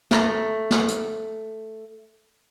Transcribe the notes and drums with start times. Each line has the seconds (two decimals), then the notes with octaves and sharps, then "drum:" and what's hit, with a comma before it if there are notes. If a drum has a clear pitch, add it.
0.11 A3 A#5, drum: snare
0.71 drum: snare
0.88 drum: hi-hat